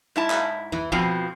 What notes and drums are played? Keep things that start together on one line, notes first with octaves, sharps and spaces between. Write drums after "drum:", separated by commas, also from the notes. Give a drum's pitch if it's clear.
G#2 E4 A5
drum: clap
E3, drum: tom
F2 B2 F3 C4, drum: kick